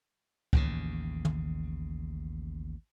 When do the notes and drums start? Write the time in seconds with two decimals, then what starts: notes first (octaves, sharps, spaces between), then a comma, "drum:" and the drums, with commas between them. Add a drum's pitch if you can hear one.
0.53 A1 D#2 C#3, drum: kick C#2
1.25 drum: tom